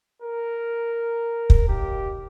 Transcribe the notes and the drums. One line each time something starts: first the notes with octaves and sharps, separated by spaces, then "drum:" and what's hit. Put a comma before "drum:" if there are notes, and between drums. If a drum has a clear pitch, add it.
A#4
drum: kick
D#2 G4